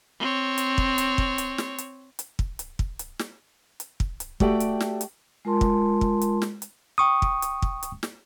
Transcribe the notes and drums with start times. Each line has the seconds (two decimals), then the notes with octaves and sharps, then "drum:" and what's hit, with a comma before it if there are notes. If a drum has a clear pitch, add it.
0.20 C4 C#5
0.58 drum: hi-hat
0.78 drum: kick
0.98 drum: hi-hat
1.18 drum: kick
1.38 drum: hi-hat
1.58 drum: snare
1.78 drum: hi-hat
2.19 drum: hi-hat
2.39 drum: kick
2.59 drum: hi-hat
2.79 drum: kick
2.99 drum: hi-hat
3.19 drum: snare
3.80 drum: hi-hat
4.00 drum: kick
4.20 drum: hi-hat
4.40 A3 F#4 G4 D5 G5, drum: kick
4.60 drum: hi-hat
4.80 drum: snare
5.01 drum: hi-hat
5.45 G#3 F4 A#4 A5 C6
5.61 drum: kick
6.01 drum: kick
6.21 drum: hi-hat
6.42 drum: snare
6.62 drum: hi-hat
6.98 G5 C#6 D#6
7.22 drum: kick
7.42 drum: hi-hat
7.62 drum: kick
7.83 drum: hi-hat
8.03 drum: snare